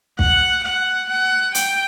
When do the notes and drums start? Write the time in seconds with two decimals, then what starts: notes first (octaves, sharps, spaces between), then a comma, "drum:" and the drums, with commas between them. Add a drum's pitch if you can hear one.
0.19 F#5, drum: kick
0.64 F#5
1.09 F#5
1.55 G5, drum: hi-hat